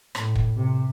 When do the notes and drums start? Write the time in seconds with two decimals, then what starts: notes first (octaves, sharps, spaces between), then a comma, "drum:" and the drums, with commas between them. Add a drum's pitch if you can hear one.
0.15 A2, drum: rim click
0.35 drum: kick
0.57 C3